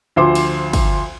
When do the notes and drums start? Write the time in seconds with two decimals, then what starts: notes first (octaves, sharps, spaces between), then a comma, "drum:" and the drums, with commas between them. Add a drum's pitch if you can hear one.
0.16 D2 F3 C5 C6 D6
0.35 drum: cymbal
0.73 drum: kick, cymbal